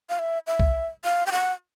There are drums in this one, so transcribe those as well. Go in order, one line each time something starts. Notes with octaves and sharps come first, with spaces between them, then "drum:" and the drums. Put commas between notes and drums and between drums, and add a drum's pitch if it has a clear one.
F5
E5
E5
drum: kick C2
F5
G5
F#5